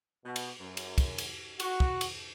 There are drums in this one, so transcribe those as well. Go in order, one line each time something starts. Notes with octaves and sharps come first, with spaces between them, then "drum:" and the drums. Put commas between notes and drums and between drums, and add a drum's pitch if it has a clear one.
B2
drum: cymbal
F#2
drum: cymbal
drum: kick, cymbal
drum: cymbal
F#4, drum: cymbal
drum: kick
drum: cymbal